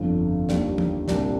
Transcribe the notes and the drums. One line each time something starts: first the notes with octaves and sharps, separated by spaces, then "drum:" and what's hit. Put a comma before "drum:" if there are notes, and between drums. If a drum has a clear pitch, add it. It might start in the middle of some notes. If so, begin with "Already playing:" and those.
Already playing: G1 F2 D3
D#2 D#3 G3 A#3 D4, drum: snare
drum: tom
C2 A#2 G3 D4, drum: snare